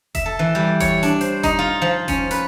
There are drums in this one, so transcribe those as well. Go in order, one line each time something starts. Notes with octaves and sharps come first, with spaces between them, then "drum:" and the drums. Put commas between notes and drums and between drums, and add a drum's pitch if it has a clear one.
E5, drum: kick F1, hi-hat
A4
E3
G3
C#5, drum: kick F1, hi-hat
D4, drum: hi-hat
C5, drum: hi-hat
D#4, drum: kick F1, hi-hat
F4
F3
C#4, drum: kick F1, hi-hat
B4, drum: hi-hat